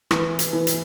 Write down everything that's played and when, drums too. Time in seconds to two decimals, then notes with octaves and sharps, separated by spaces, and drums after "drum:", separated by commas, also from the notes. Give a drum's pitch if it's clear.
0.11 E3, drum: rim click
0.39 drum: hi-hat
0.53 E3
0.67 drum: hi-hat